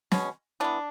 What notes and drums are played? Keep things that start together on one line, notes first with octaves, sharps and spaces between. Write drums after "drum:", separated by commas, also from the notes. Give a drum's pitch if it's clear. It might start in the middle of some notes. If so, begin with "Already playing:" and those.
B2 G#3 C#4, drum: snare
E3 B3 D4